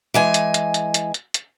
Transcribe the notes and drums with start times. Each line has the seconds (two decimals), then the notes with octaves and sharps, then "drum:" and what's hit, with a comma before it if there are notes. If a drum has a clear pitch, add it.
0.14 E3 G#3 G#5
0.34 drum: hi-hat
0.54 drum: hi-hat
0.74 drum: hi-hat
0.94 drum: hi-hat
1.14 drum: hi-hat
1.34 drum: hi-hat